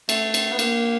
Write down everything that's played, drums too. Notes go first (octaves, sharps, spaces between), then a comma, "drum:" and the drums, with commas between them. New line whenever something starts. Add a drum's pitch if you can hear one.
A3, drum: cymbal
drum: cymbal
B3
A#3, drum: cymbal